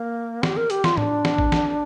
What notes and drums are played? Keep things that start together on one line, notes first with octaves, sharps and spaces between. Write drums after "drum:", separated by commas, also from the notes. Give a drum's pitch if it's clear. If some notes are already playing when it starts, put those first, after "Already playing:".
Already playing: A#3
G4, drum: snare
A#4
G4, drum: hi-hat
F4, drum: snare
D4, drum: tom A2
drum: snare
drum: kick
drum: snare